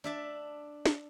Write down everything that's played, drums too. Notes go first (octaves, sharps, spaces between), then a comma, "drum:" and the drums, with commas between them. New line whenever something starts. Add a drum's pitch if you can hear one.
D4 E5 A5
drum: snare